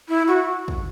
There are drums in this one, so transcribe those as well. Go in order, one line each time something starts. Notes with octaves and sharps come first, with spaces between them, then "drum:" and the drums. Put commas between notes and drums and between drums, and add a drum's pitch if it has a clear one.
E4
F#4
drum: kick